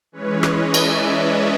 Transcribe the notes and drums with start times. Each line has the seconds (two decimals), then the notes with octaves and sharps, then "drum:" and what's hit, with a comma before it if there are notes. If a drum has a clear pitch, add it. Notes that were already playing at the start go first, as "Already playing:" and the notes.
0.12 E3 G#3 C#4 B4 C#5
0.43 C#5 D#5, drum: rim click
0.74 D5 E5, drum: cymbal